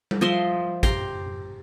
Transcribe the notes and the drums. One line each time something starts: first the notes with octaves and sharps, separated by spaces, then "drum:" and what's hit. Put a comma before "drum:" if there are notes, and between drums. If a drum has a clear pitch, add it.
drum: tom G3
F3 D#5 E5 C6
G4 A#5 C6, drum: kick, hi-hat